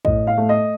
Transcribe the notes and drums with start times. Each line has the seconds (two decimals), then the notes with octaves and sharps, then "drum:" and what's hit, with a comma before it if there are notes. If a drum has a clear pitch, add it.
0.05 A2 D#5, drum: kick
0.27 F5
0.37 A3
0.49 D#5